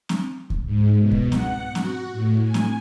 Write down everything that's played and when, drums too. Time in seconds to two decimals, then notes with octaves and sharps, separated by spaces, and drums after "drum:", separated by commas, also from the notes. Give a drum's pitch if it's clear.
0.09 drum: snare C4
0.50 drum: kick C#2
0.65 G#2
0.98 B2
1.11 drum: kick C#2
1.32 F#5, drum: snare C4
1.75 F#4, drum: snare C4
2.13 A2
2.43 G#5
2.54 drum: snare C4